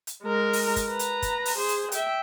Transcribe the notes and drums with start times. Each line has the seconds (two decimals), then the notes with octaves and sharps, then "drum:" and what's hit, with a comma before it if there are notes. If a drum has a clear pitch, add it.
0.07 drum: hi-hat
0.23 G#3 A#4
0.53 drum: open hi-hat
0.76 drum: kick, hi-hat
0.88 B4 A#5
0.99 drum: hi-hat
1.22 drum: kick, hi-hat
1.45 drum: open hi-hat
1.58 G#4 C5
1.69 drum: hi-hat
1.92 E5 G5, drum: hi-hat